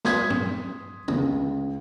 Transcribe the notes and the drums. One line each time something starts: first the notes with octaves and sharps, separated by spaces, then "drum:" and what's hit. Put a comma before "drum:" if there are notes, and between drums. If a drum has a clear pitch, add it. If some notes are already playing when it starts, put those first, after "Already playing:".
C6 D#6 G#6 B6, drum: snare
drum: tom
C#2, drum: tom